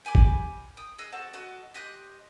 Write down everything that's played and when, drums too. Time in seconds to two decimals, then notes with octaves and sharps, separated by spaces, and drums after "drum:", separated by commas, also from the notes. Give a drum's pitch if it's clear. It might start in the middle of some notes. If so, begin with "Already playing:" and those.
0.05 G4 G#5 B5 D6
0.15 drum: kick G#1
0.77 G5 D#6
0.98 G#4 D#5 E6 F#6
1.12 C4 F#4 A4
1.33 F#4 A4 D#5
1.74 G4 D#5 C6 F#6